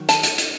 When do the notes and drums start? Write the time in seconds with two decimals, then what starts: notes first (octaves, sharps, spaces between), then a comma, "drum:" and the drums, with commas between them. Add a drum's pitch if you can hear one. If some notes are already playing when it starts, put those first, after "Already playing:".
Already playing: D#3 F#3
0.09 A5, drum: hi-hat
0.23 drum: hi-hat
0.38 drum: hi-hat